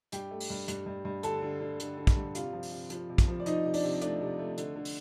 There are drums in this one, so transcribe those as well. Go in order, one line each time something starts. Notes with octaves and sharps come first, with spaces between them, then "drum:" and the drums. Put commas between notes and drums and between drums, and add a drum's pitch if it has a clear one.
G2 G4 G5, drum: hi-hat
A3
drum: open hi-hat
G2
G2, drum: hi-hat
G2
G2
D3 A4 A5, drum: hi-hat
D3
D3
D3, drum: hi-hat
D3
drum: kick, hi-hat
G2
C3 F4 F5, drum: hi-hat
F3
drum: open hi-hat
C3
F3, drum: hi-hat
C3
drum: kick, hi-hat
F3
D5
F3 D#4 D#5, drum: hi-hat
C3
D4 D5, drum: open hi-hat
C3
A3 D4 D5, drum: hi-hat
C3
A3
D3, drum: hi-hat
D3
drum: open hi-hat